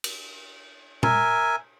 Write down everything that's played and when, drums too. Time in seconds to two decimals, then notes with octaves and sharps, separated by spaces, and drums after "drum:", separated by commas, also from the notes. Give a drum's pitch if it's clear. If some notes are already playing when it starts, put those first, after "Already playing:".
0.04 drum: cymbal
1.03 A#4 E5 G#5, drum: tom